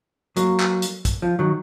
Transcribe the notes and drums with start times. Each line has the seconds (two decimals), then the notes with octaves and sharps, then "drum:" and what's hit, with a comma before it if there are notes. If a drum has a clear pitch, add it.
0.37 F#3 A#3, drum: hi-hat
0.60 drum: clap
0.82 drum: hi-hat
1.05 drum: kick, hi-hat
1.22 F3
1.39 D#3 F#3